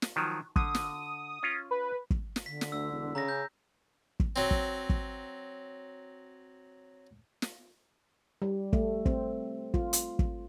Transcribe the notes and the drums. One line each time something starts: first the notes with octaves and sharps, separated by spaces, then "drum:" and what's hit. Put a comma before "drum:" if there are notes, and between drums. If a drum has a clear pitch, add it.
drum: snare
D#3 F3 F#3
D3 D#6, drum: kick
drum: snare
C#4 F4
B4
drum: kick
drum: snare
D3 B6
drum: snare
D2 E6
E1
C#3 A#5 A#6
C#4 G6
drum: kick
F#3 C4
drum: kick
drum: kick
drum: snare
G3
A3, drum: kick
C4, drum: kick
F4, drum: kick
drum: hi-hat
drum: kick